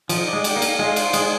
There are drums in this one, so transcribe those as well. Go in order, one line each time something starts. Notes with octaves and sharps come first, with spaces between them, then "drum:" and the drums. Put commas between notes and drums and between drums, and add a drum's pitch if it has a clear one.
F3 D#4, drum: cymbal
D5
G#3
G4, drum: cymbal
A#3
F5, drum: cymbal
G#3 F4
C5, drum: cymbal
G#3 G#4, drum: cymbal